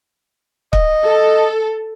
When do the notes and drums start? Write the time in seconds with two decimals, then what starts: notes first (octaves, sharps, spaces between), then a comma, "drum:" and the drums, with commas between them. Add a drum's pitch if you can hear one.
0.73 D#5, drum: kick
1.04 A4